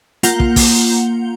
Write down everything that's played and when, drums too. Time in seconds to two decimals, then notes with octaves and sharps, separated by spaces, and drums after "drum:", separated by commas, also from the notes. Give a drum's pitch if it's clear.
0.23 A#3 F4 F#5 A#5 G6 G7, drum: hi-hat
0.40 drum: kick
0.56 drum: kick, open hi-hat